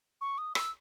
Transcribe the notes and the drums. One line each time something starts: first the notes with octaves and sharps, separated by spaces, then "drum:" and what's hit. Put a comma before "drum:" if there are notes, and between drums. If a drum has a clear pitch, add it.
C#6
D#6
E6, drum: rim click